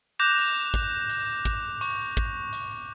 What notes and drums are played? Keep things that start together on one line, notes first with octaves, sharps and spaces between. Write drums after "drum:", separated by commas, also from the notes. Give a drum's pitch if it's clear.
D6 F#6 G6 A#6 E7 F7
drum: hi-hat
drum: kick, hi-hat
drum: hi-hat
drum: kick, hi-hat
C#6, drum: hi-hat
drum: kick
drum: hi-hat